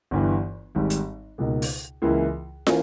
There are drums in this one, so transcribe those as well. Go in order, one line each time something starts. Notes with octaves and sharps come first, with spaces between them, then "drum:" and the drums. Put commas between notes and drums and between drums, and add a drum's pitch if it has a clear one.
G1 G2 E3
G#1 G#2 G3
drum: hi-hat
C#2 B2 A#3 D#4
drum: open hi-hat
C#2 C#3 E3 A#3 E4
E3 A#3 C#4, drum: snare